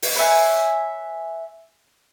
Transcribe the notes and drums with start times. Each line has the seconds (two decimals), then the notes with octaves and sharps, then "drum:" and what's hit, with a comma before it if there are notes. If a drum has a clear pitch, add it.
0.02 drum: open hi-hat
0.15 B4 C#5 E5 G#5